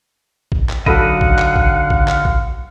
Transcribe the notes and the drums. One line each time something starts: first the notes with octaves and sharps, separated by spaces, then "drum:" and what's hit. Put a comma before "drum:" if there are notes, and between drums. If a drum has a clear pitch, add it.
drum: kick
drum: clap
D3 F#3 D#4 A4 D#5 F5 F#5 B5, drum: kick
drum: kick
drum: clap
drum: kick
drum: kick
drum: clap
drum: kick